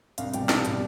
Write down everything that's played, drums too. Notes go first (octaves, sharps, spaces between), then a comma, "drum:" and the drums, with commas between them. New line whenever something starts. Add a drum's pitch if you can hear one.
C2 F5, drum: hi-hat
B2 G3 G5, drum: hi-hat
C2 A5, drum: snare
B2 G3, drum: hi-hat